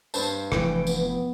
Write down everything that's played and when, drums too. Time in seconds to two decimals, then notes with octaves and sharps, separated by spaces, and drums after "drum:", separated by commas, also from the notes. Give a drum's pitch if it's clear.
0.14 G2 C5 A5, drum: tambourine
0.52 F1 E3 G5, drum: rim click
0.87 B3, drum: tambourine